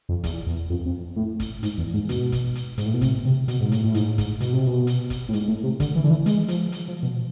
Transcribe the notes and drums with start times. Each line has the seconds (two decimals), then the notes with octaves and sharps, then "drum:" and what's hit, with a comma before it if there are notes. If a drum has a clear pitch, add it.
0.09 F2
0.24 E2, drum: kick, hi-hat
0.47 E2
0.70 F2
0.85 F2
1.16 A2
1.40 drum: kick, hi-hat
1.63 G#2, drum: hi-hat
1.78 E2
1.94 G#2
2.09 B2, drum: hi-hat
2.32 drum: kick, hi-hat
2.55 drum: hi-hat
2.78 G#2, drum: hi-hat
2.86 A2
2.93 B2
3.01 C3, drum: kick, hi-hat
3.25 C3
3.48 B2, drum: hi-hat
3.60 G#2
3.72 A2, drum: hi-hat
3.84 A2
3.94 G#2, drum: hi-hat
4.18 G#2, drum: kick, hi-hat
4.40 B2, drum: hi-hat
4.53 C3
4.67 B2
4.87 drum: hi-hat
5.10 drum: kick, hi-hat
5.28 A2
5.33 G#2, drum: hi-hat
5.48 A2
5.63 C3
5.80 D3, drum: kick, hi-hat
5.95 E3
6.04 D3
6.10 E3
6.26 G#3, drum: hi-hat
6.48 F3, drum: hi-hat
6.72 drum: hi-hat
6.88 F3
7.03 B2